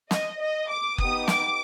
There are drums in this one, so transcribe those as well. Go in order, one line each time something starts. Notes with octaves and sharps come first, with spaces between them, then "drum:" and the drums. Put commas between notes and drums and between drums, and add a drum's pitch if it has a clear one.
D#5, drum: snare
D#5
D6
B3 D#4 G4 D#6, drum: kick F#1
D6, drum: snare